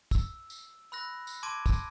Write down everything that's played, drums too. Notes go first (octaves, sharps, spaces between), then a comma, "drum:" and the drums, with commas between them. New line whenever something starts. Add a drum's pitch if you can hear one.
E6, drum: kick, tambourine
drum: tambourine
B5 E6 F#6 A#6
drum: tambourine
A5 C6 D6 G#6 D7 D#7
drum: kick, tambourine